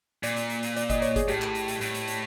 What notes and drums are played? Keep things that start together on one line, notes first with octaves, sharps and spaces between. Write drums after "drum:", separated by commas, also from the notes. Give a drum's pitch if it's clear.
A#2 D5, drum: hi-hat
drum: hi-hat
drum: hi-hat
drum: hi-hat
D5, drum: hi-hat
D#5, drum: kick G1, hi-hat
C#5, drum: hi-hat
G#4, drum: kick G1, hi-hat
A2 G4, drum: hi-hat
drum: clap
drum: hi-hat
drum: hi-hat
A2, drum: hi-hat
drum: hi-hat
drum: hi-hat